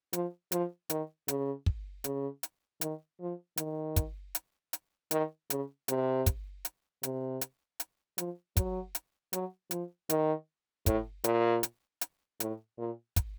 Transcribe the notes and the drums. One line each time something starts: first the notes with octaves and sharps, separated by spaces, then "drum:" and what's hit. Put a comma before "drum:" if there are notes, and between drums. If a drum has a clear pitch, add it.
F3, drum: hi-hat
F3, drum: hi-hat
D#3, drum: hi-hat
C#3, drum: hi-hat
drum: kick
C#3, drum: hi-hat
drum: hi-hat
D#3, drum: hi-hat
F3
D#3, drum: hi-hat
drum: kick, hi-hat
drum: hi-hat
drum: hi-hat
D#3, drum: hi-hat
C#3, drum: hi-hat
C3, drum: hi-hat
drum: kick, hi-hat
drum: hi-hat
C3, drum: hi-hat
drum: hi-hat
drum: hi-hat
F3, drum: hi-hat
F#3, drum: kick, hi-hat
drum: hi-hat
F#3, drum: hi-hat
F3, drum: hi-hat
D#3, drum: hi-hat
A2, drum: kick, hi-hat
A#2, drum: hi-hat
drum: hi-hat
drum: hi-hat
A2, drum: hi-hat
A#2
drum: kick, hi-hat